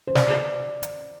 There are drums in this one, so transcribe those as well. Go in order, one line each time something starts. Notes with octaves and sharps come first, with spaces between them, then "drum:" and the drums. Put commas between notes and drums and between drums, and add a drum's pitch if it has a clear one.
C5
D5, drum: snare
drum: hi-hat